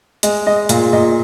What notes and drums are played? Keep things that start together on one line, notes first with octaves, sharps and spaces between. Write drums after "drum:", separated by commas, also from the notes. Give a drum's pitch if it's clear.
G#3 D#5, drum: hi-hat
G#3 D#5
A#2 F5, drum: hi-hat
A#2 D#5